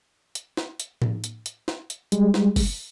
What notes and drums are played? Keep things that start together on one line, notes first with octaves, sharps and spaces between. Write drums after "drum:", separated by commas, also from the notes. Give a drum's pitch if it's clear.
drum: hi-hat
drum: snare
drum: hi-hat
drum: tom A2
drum: hi-hat
drum: hi-hat
drum: snare
drum: hi-hat
G3 G#3, drum: hi-hat
drum: snare
drum: kick F#1, open hi-hat